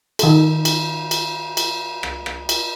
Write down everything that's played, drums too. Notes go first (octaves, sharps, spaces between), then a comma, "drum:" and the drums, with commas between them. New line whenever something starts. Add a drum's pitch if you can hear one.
D#3 A4, drum: cymbal
drum: cymbal
drum: cymbal
drum: cymbal
drum: rim click
drum: rim click
drum: cymbal